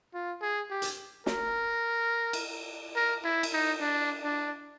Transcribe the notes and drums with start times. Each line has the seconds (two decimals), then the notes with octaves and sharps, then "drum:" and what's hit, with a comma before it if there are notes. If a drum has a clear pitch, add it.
0.14 F4
0.41 G#4
0.70 G4
0.82 drum: hi-hat
1.26 A#4, drum: snare
2.33 drum: cymbal
2.96 A#4
3.24 E4
3.43 drum: cymbal
3.53 D#4
3.81 D4
4.23 D4